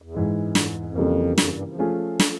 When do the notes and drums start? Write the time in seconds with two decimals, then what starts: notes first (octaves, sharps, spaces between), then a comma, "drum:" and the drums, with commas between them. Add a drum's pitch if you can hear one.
0.02 E2
0.15 F2 G#2 E3 G#3
0.42 F#2
0.55 F#2, drum: snare
0.65 F2
0.75 E2
0.86 F2
0.96 C#3 E3 G3 A#3
1.38 F2, drum: snare
1.51 G2
1.65 F2
1.78 F3 A3 C#4 F4 G#4
2.20 drum: snare